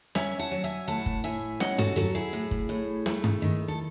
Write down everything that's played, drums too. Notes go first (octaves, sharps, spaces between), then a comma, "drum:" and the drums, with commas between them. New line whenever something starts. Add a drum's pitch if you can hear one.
C#4 E5 G#5, drum: snare
F#5 A5
F#3
E5 G#5
A2 F#5 A5
drum: kick F#1
A2 E5 G#5
C#4 D#5 F#5, drum: snare
F#4 A4, drum: tom G2
F#3 F#4 A4
E4 G#4
A2
drum: kick F#1
A2
A3, drum: snare
drum: tom G2
D#3
A4